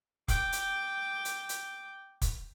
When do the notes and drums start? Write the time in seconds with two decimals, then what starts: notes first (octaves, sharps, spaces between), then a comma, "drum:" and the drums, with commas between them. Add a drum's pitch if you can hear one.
0.28 G5 D6, drum: kick, hi-hat
0.52 drum: hi-hat
1.25 drum: hi-hat
1.49 drum: hi-hat
2.21 drum: kick, hi-hat